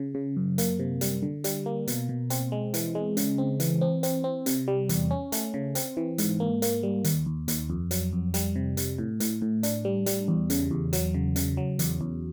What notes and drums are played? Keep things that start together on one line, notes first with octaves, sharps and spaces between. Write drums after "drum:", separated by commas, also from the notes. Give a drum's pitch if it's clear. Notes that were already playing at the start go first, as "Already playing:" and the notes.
Already playing: C#3
C#3
F#2
A#3, drum: hi-hat
C3
G3, drum: hi-hat
D3
G3, drum: hi-hat
A#3
B2, drum: hi-hat
B2
C4, drum: hi-hat
G#3
E3, drum: hi-hat
G#3
C#3, drum: hi-hat
C4
E3, drum: hi-hat
C4
C4, drum: hi-hat
C4
C3, drum: hi-hat
G3
E2, drum: hi-hat
C#4
A3, drum: hi-hat
C#3
C4, drum: hi-hat
E3
G#2, drum: hi-hat
A#3
A#3, drum: hi-hat
G3
D#2, drum: hi-hat
D#2
D#2, drum: hi-hat
F2
F#3, drum: hi-hat
F2
G3, drum: hi-hat
C3
C3, drum: hi-hat
A2
A2, drum: hi-hat
A2
D4, drum: hi-hat
G3
G3, drum: hi-hat
E2
C#3, drum: hi-hat
E2
F#3, drum: hi-hat
C#3
C#3, drum: hi-hat
F#3
E2, drum: hi-hat
E2